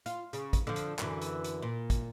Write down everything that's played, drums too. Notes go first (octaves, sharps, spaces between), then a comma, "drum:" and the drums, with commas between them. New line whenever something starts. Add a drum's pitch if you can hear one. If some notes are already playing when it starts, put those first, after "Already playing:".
F4, drum: hi-hat
C#3, drum: hi-hat
drum: kick, hi-hat
D3 F3
drum: hi-hat
F#2 D3 E3, drum: clap
drum: hi-hat
drum: hi-hat
A#2
drum: kick, hi-hat